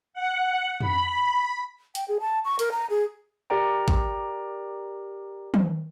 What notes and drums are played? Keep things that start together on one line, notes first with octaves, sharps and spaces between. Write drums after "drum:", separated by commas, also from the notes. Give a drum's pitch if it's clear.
F#5
B5, drum: tom
G5, drum: hi-hat
G#4
A5
C#6
A#4, drum: hi-hat
A#5
G#4
G4 A#4 D5 G5 A#5
drum: kick G#1
drum: tom